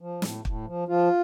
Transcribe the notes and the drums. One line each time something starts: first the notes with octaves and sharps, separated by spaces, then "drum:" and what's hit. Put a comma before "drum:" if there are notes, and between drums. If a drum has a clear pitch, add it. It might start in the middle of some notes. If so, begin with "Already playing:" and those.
F3
A2, drum: snare
A2, drum: kick
F3
F3 F4